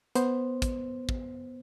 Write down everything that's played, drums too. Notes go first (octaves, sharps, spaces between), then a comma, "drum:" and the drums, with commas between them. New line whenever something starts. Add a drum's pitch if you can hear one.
B3 C5, drum: hi-hat
drum: kick, hi-hat
drum: kick